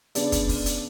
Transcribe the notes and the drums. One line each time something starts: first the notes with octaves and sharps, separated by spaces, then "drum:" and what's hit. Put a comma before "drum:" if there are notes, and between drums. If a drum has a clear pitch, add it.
C#3 G#3 B3 D4 D5, drum: hi-hat
drum: kick, hi-hat
drum: kick, open hi-hat
drum: hi-hat